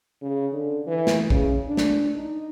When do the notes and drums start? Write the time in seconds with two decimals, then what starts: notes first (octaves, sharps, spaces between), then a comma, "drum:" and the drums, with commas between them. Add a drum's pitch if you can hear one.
0.22 C#3
0.52 D3
0.87 E3
1.07 drum: snare
1.30 C#3, drum: kick A#1
1.68 D4
1.77 drum: snare
2.16 D#4